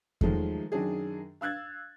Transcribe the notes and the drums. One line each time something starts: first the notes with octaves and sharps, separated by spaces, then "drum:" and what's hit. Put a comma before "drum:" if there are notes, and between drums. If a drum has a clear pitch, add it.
D#3 F3 F#3 G#3 A3, drum: kick E2
F#2 D#3 F#3 D4 G#4
F5 E6 F#6 G#6 A6